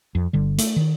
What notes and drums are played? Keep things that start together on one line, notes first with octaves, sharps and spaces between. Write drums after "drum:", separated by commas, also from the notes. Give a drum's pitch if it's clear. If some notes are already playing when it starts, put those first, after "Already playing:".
F2
G1 D3 G3
A3, drum: hi-hat
D#3